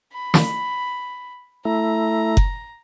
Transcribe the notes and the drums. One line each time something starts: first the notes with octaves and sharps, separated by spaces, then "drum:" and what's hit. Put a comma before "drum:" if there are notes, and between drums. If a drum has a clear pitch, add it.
B5
drum: snare
A3 E4 A#5
drum: kick F#1